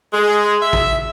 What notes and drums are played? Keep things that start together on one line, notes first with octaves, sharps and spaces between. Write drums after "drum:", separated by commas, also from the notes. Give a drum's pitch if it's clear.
G#3
E5
drum: kick